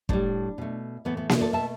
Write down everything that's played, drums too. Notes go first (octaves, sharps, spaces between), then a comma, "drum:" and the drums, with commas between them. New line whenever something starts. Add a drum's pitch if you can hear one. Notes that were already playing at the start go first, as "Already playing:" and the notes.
A2 G3 D4, drum: kick
B2 A3
A2 E3 A3 B3
B3
B3, drum: snare A#3
A4 D5
B2 A3 E5 A5